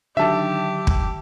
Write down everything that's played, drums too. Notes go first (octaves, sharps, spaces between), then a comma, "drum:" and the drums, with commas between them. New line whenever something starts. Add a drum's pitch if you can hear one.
D3 D#3 F#3 G4 E5 A5
drum: kick